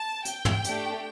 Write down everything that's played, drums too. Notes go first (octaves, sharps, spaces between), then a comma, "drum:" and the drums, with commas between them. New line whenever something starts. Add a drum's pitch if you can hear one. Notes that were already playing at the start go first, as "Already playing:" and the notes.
Already playing: A5
G5, drum: hi-hat
drum: tom
A3 D4 G4, drum: hi-hat